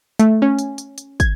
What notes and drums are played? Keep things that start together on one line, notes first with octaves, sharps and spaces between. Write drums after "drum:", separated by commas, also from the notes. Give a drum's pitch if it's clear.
A3, drum: hi-hat
C#4
drum: hi-hat
drum: hi-hat
drum: hi-hat
G#6, drum: kick, hi-hat